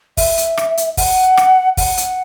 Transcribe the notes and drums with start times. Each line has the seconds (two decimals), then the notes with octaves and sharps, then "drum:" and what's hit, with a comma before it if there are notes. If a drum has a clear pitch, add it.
0.17 E5, drum: kick, open hi-hat
0.37 drum: hi-hat
0.57 drum: rim click
0.77 drum: hi-hat
0.97 F#5, drum: kick, open hi-hat
1.37 drum: rim click
1.77 F#5, drum: kick, open hi-hat
1.97 drum: hi-hat